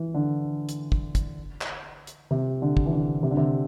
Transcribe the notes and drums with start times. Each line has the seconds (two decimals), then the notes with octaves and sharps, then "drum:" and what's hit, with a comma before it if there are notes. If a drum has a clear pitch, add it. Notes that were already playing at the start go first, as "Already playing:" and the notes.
Already playing: E3
0.14 D3
0.69 drum: hi-hat
0.92 drum: kick
1.15 drum: kick, hi-hat
1.61 drum: clap
2.07 drum: hi-hat
2.31 C3
2.62 D3
2.77 drum: kick
2.86 E3
2.93 D3
3.23 C3
3.31 D3
3.37 C3